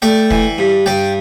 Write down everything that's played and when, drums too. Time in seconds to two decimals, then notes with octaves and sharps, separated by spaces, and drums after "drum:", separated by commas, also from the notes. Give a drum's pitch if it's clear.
0.02 A3 D5 G5
0.30 E3, drum: kick
0.58 G2
0.86 G2 D5 G5